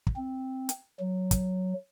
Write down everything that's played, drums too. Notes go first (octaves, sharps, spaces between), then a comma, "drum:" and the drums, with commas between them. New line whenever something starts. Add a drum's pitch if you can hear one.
drum: kick
C4
drum: hi-hat
F#3
drum: kick, hi-hat